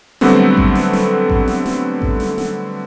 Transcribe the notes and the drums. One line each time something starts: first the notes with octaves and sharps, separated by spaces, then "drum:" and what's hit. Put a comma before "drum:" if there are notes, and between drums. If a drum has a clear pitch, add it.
D3 F#3 G3 A3 B3 C4, drum: snare
drum: kick A1
drum: snare
drum: snare
drum: kick A1
drum: snare
drum: snare
drum: kick A1
drum: snare
drum: snare